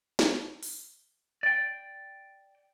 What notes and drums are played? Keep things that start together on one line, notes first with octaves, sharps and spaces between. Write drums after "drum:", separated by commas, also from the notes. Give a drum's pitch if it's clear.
drum: snare
drum: open hi-hat
D5 G5